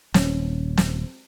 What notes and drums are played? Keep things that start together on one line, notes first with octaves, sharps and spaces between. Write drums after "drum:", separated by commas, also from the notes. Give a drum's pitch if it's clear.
D#1 C#4, drum: snare
drum: snare